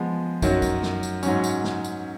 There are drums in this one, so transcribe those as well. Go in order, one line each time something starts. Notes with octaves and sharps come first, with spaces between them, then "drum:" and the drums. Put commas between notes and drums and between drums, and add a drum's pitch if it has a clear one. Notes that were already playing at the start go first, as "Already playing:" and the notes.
Already playing: F3 G#3 B3
F#2 D#3 F#3, drum: kick, tambourine
drum: kick, tambourine
drum: snare
drum: tambourine
G#2 F#3 C#4, drum: tambourine
drum: tambourine
drum: snare
drum: tambourine